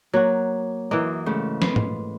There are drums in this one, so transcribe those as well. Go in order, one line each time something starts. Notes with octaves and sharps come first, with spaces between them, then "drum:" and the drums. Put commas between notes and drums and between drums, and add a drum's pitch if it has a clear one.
F#3 A#3 F#4
F#2 E3 A#3 D#5
G#2 C#3 A3
B4 C6, drum: snare
drum: tom